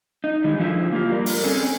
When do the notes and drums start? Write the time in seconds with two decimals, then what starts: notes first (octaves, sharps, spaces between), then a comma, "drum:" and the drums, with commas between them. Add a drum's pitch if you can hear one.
0.24 D#4
0.44 D#3 E3 G3 G#3
0.58 D3 F3 A3 E4 G#4
0.93 A#3 F4 G4
1.12 G3 A#4 D5
1.26 drum: open hi-hat
1.44 C4 C#4 G#4 A4